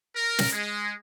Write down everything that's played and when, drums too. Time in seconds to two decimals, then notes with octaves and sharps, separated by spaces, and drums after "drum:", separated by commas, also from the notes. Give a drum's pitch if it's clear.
0.16 A#4
0.39 drum: snare
0.52 G#3